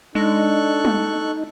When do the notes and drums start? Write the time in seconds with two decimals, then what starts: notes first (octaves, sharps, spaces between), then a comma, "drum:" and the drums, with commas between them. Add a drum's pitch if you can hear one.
0.15 G#3 D4 D#4 A4 C#6 F#6
0.85 drum: tom G3